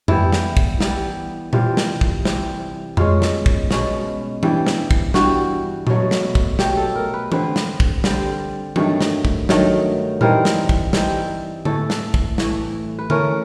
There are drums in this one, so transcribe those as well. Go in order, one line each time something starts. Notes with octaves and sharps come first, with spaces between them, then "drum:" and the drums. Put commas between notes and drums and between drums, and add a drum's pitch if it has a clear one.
E3 G3 B3 E4, drum: tom F2
drum: snare
drum: kick
E3 G3 B3, drum: snare
C3 E3 G3 F4, drum: tom A#2
drum: snare
drum: kick
C3 E3 G3, drum: snare
B2 G#3 C#4 F4, drum: tom F2
drum: snare
drum: kick
B2 G#3 C#4, drum: snare
G2 E3 G3, drum: tom E3
drum: snare
drum: kick
G2 E3 G3 F#4, drum: snare
B2 F#3 A3, drum: tom A#2
drum: snare
drum: kick
B2 F#3 A3 G4, drum: snare
A4
A#4
B4
D3 G3 C4 B4, drum: tom E3
drum: snare
drum: kick
D3 G3 C4, drum: snare
G2 D#3 F#3 A3, drum: tom E3
drum: snare
drum: kick
G2 D#3 F#3 A3, drum: snare
E3 G3 C4 D#4 A#4, drum: tom A#2
drum: snare
drum: kick
E3 G3 C4 D#4, drum: snare
A2 E3 A3 A4, drum: tom D3
drum: snare
drum: kick
A2 E3 A3, drum: snare
B4
E3 A3 C#4 A#4, drum: tom D3